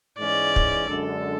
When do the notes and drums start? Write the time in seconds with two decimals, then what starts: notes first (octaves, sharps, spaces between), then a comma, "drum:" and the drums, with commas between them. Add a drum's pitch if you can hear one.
0.18 G#2 E3 G#3 C#4 D5
0.56 drum: kick
0.87 F#2 D3 G#3 D4 A4